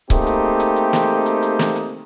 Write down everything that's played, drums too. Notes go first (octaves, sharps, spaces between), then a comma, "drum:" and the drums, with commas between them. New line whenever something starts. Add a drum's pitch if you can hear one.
A3 A#3 C4 D#4 G4 G#4, drum: kick C#1, hi-hat
drum: hi-hat
drum: hi-hat
drum: hi-hat
drum: snare
drum: hi-hat
drum: hi-hat
drum: snare
drum: hi-hat